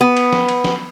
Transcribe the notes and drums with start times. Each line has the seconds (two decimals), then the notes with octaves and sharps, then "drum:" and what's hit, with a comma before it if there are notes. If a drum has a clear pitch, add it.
0.01 B3
0.17 drum: cymbal
0.33 drum: snare
0.48 drum: cymbal
0.64 drum: snare